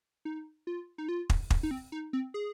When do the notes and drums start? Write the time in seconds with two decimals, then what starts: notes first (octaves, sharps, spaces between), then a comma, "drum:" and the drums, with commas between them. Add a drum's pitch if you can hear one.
0.25 D#4
0.67 F4
0.98 D#4
1.09 F4
1.30 drum: kick
1.50 drum: kick
1.63 D#4
1.71 C4
1.92 D#4
2.13 C4
2.34 G#4